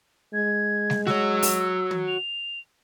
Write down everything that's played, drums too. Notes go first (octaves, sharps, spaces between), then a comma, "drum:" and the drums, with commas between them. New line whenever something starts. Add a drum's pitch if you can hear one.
G#3 G#6
drum: snare
F#4 C#5 E6, drum: snare
drum: open hi-hat
drum: tom
F7